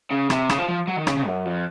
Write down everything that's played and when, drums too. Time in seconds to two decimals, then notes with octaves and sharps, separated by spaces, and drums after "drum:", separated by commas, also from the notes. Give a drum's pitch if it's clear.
0.11 C#3
0.30 C3, drum: rim click
0.49 C#3, drum: rim click
0.58 F3
0.68 F3
0.87 F#3
0.96 D#3
1.07 C#3, drum: rim click
1.17 C#3
1.26 F#2
1.45 F2